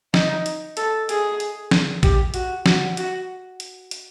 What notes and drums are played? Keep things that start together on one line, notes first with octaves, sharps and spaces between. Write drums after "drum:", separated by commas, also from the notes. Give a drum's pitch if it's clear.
D#4, drum: snare
drum: hi-hat
A4, drum: hi-hat
G#4, drum: hi-hat
drum: hi-hat
drum: snare
G4, drum: kick, hi-hat
F#4, drum: hi-hat
F#4, drum: snare
F#4, drum: hi-hat
drum: hi-hat
drum: hi-hat